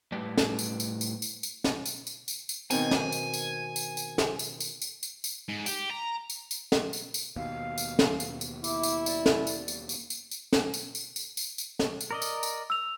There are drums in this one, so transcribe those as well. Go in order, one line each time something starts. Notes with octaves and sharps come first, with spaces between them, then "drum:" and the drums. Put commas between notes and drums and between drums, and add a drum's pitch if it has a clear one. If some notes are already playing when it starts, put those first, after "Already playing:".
A2 G3 B4 D5 A5
drum: snare
drum: tambourine
drum: tambourine
drum: tambourine
drum: tambourine
drum: tambourine
drum: snare
drum: tambourine
drum: tambourine
drum: tambourine
drum: tambourine
B2 D#3 C4 G#5, drum: tambourine
drum: snare
drum: tambourine
drum: tambourine
drum: tambourine
drum: tambourine
drum: snare
drum: tambourine
drum: tambourine
drum: tambourine
drum: tambourine
drum: tambourine
G#2
G4, drum: tambourine
A#5
drum: tambourine
drum: tambourine
drum: snare
drum: tambourine
drum: tambourine
D#2 B2 F5
drum: tambourine
drum: snare
drum: tambourine
drum: tambourine
E4 D6, drum: tambourine
drum: tambourine
D5, drum: tambourine
drum: snare
drum: tambourine
drum: tambourine
drum: tambourine
drum: tambourine
drum: tambourine
drum: snare
drum: tambourine
drum: tambourine
drum: tambourine
drum: tambourine
drum: tambourine
drum: snare
drum: tambourine
A#4 D5 D#5
drum: tambourine
drum: tambourine
E6 F7